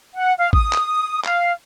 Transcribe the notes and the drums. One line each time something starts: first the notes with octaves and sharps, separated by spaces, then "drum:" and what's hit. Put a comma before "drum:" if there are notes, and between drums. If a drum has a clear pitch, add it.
F#5
F5
D#6, drum: kick A1
drum: clap
F5, drum: clap